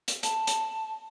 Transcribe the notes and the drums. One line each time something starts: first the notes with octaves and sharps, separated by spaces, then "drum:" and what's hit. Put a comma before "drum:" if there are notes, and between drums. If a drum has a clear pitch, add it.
drum: hi-hat
A5, drum: hi-hat
drum: hi-hat